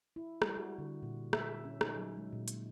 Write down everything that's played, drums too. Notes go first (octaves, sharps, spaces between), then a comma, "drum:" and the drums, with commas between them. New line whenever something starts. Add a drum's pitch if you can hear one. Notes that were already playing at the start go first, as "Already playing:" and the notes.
E4
G3, drum: rim click
F#4
D3
A#2
E5, drum: rim click
C#4
D#4, drum: rim click
F#3
G#3
A#2
drum: hi-hat